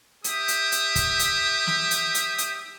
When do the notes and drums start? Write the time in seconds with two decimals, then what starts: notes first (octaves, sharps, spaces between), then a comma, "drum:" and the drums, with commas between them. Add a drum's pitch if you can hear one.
0.24 G4 E5 D#6, drum: hi-hat
0.48 drum: hi-hat
0.72 drum: hi-hat
0.96 drum: kick, hi-hat
1.19 drum: hi-hat
1.67 drum: snare
1.91 drum: hi-hat
2.14 drum: hi-hat
2.38 drum: hi-hat